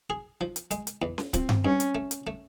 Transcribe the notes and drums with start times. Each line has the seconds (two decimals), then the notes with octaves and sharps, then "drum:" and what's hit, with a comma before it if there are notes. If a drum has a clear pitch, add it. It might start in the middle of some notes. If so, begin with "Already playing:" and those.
0.10 G#4
0.41 F3
0.56 drum: hi-hat
0.71 G#3, drum: hi-hat
0.87 drum: hi-hat
1.02 E2
1.18 drum: snare C#4
1.34 F3 C4, drum: kick C#1, hi-hat
1.49 drum: tom G2
1.64 G2 C#4
1.80 drum: hi-hat
1.95 A3
2.11 drum: hi-hat
2.27 A3